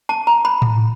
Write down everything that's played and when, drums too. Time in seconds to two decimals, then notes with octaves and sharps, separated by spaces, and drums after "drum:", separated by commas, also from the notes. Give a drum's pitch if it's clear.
0.09 A5
0.27 A#5
0.45 B5
0.62 drum: tom A2